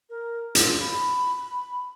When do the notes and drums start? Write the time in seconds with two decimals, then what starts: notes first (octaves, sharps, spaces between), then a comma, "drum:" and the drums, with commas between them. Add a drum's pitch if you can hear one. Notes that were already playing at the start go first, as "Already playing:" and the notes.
0.10 A#4
0.55 F4, drum: hi-hat
0.80 B5